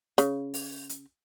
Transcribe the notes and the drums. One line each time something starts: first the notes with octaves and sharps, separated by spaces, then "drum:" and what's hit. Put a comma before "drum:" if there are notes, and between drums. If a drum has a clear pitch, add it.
C#3, drum: hi-hat
drum: open hi-hat
drum: hi-hat